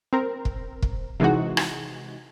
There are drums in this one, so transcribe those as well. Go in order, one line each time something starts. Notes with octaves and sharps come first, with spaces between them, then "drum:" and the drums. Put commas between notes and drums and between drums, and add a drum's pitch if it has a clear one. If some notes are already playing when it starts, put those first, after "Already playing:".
C4 A#4
drum: kick
drum: kick
C3 E3 G#3 D#4 F#4
drum: rim click